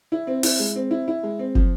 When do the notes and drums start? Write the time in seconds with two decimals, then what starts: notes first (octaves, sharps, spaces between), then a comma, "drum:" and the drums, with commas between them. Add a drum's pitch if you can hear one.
0.12 E4
0.27 C4
0.43 E4, drum: open hi-hat
0.59 G#3
0.76 C4
0.91 E4
1.08 E4
1.23 G#3
1.39 C4
1.55 F3, drum: kick